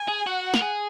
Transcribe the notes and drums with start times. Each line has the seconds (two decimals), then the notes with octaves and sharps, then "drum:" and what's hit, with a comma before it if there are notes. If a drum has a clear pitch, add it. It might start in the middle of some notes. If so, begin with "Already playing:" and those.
Already playing: G#5
0.08 G#4
0.26 F#4 F#5
0.54 A#4, drum: snare
0.62 G#4